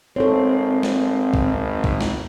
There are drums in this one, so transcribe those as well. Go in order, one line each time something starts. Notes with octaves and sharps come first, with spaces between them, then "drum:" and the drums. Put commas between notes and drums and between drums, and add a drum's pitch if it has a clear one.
G#1 C4 A4 C#5
drum: snare
drum: kick
drum: kick
drum: snare